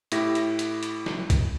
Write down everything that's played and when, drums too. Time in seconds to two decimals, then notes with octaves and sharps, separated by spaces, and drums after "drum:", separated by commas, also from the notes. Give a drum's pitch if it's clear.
0.12 A2 E4 G4 A#6, drum: hi-hat
0.35 drum: hi-hat
0.59 drum: hi-hat
0.83 drum: hi-hat
1.06 drum: snare
1.30 drum: kick, hi-hat